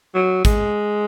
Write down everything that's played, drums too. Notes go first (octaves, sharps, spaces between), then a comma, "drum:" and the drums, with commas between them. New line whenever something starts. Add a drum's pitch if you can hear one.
F#3
G#3, drum: kick, hi-hat